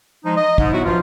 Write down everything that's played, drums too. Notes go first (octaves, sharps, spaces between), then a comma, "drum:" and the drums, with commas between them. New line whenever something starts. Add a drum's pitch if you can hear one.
F3 G#3 D#4
D#5
G#2, drum: kick
F#3 B3 E4 F#4
G2 F3 F4